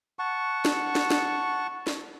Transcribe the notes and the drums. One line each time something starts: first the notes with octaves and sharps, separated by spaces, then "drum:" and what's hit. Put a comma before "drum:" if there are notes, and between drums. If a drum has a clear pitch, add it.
F#5 A5 C#6
drum: snare
drum: snare
drum: snare
drum: snare